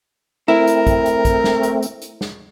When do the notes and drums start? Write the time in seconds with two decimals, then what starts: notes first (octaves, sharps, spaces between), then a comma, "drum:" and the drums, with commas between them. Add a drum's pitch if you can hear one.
0.48 A3 C4 E4 A#4
0.67 drum: hi-hat
0.87 drum: kick, hi-hat
1.06 drum: hi-hat
1.25 drum: kick, hi-hat
1.44 drum: snare
1.63 drum: hi-hat
1.82 drum: hi-hat
2.02 drum: hi-hat
2.21 drum: snare